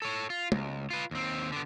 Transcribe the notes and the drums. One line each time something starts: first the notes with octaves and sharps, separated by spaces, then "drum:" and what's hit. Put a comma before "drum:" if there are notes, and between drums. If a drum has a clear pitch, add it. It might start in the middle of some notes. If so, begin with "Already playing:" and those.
A4 C#5
F4
C#2, drum: tom G#3
F4 B4
D#2 C4
D3 B3